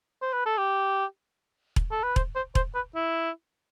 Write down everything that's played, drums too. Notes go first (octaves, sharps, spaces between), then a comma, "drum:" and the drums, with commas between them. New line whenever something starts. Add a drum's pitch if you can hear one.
C5
B4
A4
G4
drum: kick E1
A4
B4
C5, drum: kick E1
C5
C5, drum: kick E1
B4
E4